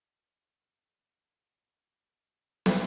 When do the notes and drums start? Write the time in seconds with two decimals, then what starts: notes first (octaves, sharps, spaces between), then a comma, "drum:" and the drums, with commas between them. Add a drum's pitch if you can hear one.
0.46 A3 F5
2.66 drum: snare